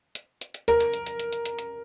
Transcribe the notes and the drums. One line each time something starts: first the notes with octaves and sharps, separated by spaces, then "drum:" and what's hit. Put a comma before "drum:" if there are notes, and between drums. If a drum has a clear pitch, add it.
drum: hi-hat
drum: hi-hat
drum: hi-hat
A#4, drum: hi-hat
drum: hi-hat
drum: hi-hat
drum: hi-hat
drum: hi-hat
drum: hi-hat
drum: hi-hat
drum: hi-hat